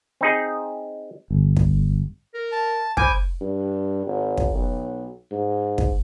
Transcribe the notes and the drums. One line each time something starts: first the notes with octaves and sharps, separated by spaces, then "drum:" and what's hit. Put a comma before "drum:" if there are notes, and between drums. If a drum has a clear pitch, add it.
C4 D#4 G#4
G1
drum: kick
A#4
A5
C5 G#5 B5 D6 G6, drum: kick
G2
G#1
drum: kick
B1
G#2
drum: kick